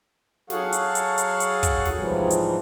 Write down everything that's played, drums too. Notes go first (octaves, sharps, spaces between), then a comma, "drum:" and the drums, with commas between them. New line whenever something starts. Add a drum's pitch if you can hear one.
F#3 G#4 A4 C#5 F5 F#5, drum: snare
drum: hi-hat
drum: hi-hat
drum: hi-hat
drum: hi-hat
drum: kick, hi-hat
drum: snare
G#2 C3 E3 F3 G3
drum: hi-hat